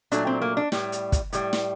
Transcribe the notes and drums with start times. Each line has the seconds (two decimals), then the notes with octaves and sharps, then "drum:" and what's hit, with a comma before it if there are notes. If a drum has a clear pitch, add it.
0.12 A#2 F#3 A3 D4, drum: hi-hat
0.27 C4
0.42 A#3
0.57 D4
0.72 A2 G3, drum: snare
0.92 drum: hi-hat
1.12 drum: kick, hi-hat
1.33 A2 G3, drum: hi-hat
1.53 drum: snare